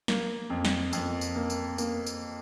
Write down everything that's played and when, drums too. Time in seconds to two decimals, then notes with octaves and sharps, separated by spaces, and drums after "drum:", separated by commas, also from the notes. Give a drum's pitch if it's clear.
0.08 A#3, drum: snare
0.50 F2
0.65 drum: snare
0.93 F2, drum: tambourine
1.21 drum: tambourine
1.36 A#3
1.50 drum: tambourine
1.78 A#3, drum: tambourine
2.07 drum: tambourine